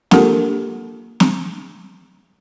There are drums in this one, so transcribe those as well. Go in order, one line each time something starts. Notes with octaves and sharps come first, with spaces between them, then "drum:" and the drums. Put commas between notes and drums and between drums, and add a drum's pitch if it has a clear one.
A#3 D4 F4 G4 A4 A#4, drum: snare
drum: snare